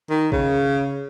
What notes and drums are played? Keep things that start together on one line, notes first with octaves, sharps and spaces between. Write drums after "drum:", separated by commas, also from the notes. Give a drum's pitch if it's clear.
D#3
C#3, drum: kick